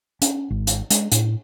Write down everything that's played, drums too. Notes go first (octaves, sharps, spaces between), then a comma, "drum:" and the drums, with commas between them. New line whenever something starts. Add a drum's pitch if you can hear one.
C#4, drum: hi-hat
G#1
drum: hi-hat
G#3, drum: hi-hat
A2, drum: hi-hat